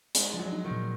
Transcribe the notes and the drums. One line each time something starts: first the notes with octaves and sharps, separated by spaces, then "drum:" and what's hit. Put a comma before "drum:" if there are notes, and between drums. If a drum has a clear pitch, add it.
G#3 C4, drum: hi-hat
F3
F#3
D#4
D#3
A#2